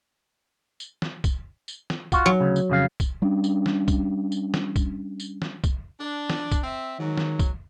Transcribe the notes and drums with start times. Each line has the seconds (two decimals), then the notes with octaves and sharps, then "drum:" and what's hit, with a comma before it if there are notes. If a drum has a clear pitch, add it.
0.80 drum: tambourine
1.02 drum: snare
1.24 drum: kick, tambourine
1.68 drum: tambourine
1.90 drum: snare
2.12 F4 F#4, drum: kick, tambourine
2.26 F#3
2.40 D2 C#3
2.56 drum: tambourine
2.69 F2 C#3 F5
3.00 drum: kick, tambourine
3.22 G3 C#4 D4
3.44 drum: tambourine
3.66 drum: snare
3.88 drum: kick, tambourine
4.32 drum: tambourine
4.54 drum: snare
4.76 drum: kick, tambourine
5.20 drum: tambourine
5.42 drum: snare
5.64 drum: kick, tambourine
6.00 D4
6.30 drum: snare
6.52 drum: kick, tambourine
6.63 C4 E5
6.99 G#2 D#3 F#3
7.17 drum: snare
7.39 drum: kick, tambourine